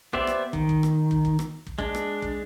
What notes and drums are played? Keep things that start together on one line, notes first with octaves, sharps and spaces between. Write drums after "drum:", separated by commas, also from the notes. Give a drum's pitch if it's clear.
B3 G4 C5 D5 E5, drum: kick
drum: rim click
D#3, drum: kick
drum: kick
drum: rim click
drum: kick
drum: kick
drum: rim click
drum: kick
G#3 D4, drum: kick
drum: rim click
drum: kick